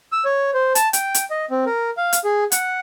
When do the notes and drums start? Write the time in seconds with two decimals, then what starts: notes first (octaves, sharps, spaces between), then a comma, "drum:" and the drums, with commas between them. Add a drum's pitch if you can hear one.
0.12 E6
0.25 C#5
0.54 C5
0.75 A5, drum: hi-hat
0.93 G5, drum: hi-hat
1.15 drum: hi-hat
1.31 D#5
1.51 C4
1.66 A#4
1.97 F5
2.13 drum: hi-hat
2.25 G#4
2.52 F#5, drum: hi-hat